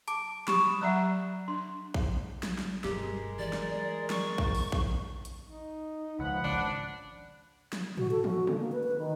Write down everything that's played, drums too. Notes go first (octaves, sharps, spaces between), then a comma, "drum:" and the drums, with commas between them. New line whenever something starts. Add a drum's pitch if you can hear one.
A5 D6 D7, drum: hi-hat
G4 B5 C#6 D#6 E7, drum: snare
F#3 D5 E5 F#5 A#5 E6 F#6
D4 C6
drum: kick A#1
drum: snare
drum: snare
F#1 B1 G2 G#3 G4 A#4, drum: snare
E3 D5 A6
drum: snare
C#6, drum: snare
drum: kick A#1
drum: open hi-hat
drum: kick A#1
drum: hi-hat
D#4
C#2 F3 F#5 B5
G#1 C#2 D4
drum: snare
F#4, drum: tom
A4
F#4, drum: tom
D3, drum: tom
A#3
B4
B4
D#3